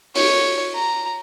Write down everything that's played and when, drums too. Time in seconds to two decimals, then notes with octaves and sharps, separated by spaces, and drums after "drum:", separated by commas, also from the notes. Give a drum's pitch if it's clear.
0.15 C#5, drum: open hi-hat
0.74 A#5